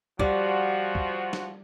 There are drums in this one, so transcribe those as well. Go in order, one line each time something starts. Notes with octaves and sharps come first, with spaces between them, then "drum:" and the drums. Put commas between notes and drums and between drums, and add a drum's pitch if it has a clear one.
F3 G3 F#4, drum: kick
drum: kick
drum: snare